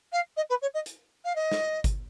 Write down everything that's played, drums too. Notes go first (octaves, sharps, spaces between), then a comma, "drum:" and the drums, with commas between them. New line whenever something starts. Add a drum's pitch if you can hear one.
F5
D#5
B4
C#5
D#5
drum: hi-hat
F5
D#5
drum: snare
drum: kick G1, hi-hat